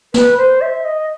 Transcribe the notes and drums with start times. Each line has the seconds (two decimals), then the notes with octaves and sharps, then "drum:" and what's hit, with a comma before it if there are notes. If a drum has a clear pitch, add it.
0.14 B4, drum: snare
0.37 C5
0.61 E5
0.84 D#5